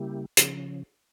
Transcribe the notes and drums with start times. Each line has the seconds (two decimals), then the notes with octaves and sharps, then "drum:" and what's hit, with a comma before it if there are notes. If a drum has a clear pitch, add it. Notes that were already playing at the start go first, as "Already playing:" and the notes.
Already playing: C#3 G3 A#3 E4 G4
0.37 C#3 F3 C#4, drum: hi-hat